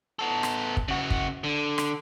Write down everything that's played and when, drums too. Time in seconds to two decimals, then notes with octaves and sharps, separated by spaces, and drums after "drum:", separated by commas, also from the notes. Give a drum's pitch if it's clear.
0.19 B3 A4
0.43 drum: rim click
0.77 drum: kick
0.88 C#3 F#4
1.10 drum: kick
1.44 D3
1.78 drum: rim click